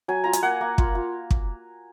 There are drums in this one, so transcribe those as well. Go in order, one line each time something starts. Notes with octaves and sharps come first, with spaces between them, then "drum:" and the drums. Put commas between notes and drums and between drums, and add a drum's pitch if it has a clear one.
F#3 G#5
F4 A#5
G#5, drum: hi-hat
A#3 F#5
A#3
F4, drum: kick
F4
drum: kick